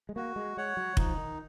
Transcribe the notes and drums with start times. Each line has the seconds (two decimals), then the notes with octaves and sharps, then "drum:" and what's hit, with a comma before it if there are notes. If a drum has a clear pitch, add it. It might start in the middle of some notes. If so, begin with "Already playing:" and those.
0.09 G#3
0.16 A#3 F#4
0.36 G#3
0.57 G#3 C#5 F#5
0.77 F#3
0.97 F3 D#4, drum: kick F1
1.17 D#3